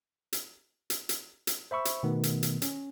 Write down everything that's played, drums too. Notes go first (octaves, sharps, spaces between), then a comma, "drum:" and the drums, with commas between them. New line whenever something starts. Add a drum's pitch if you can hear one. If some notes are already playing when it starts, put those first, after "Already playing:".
drum: hi-hat
drum: hi-hat
drum: hi-hat
drum: hi-hat
C5 E5 B5 C#6 E6
drum: hi-hat
B2 D#3 A3 B3
drum: hi-hat
drum: hi-hat
C#4, drum: hi-hat